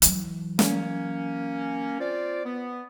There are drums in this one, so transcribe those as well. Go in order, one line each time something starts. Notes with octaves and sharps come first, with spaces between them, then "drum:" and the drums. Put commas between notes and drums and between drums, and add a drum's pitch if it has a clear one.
E3 F#3, drum: hi-hat
A#3 C#4, drum: snare
C4 F4 D5
B3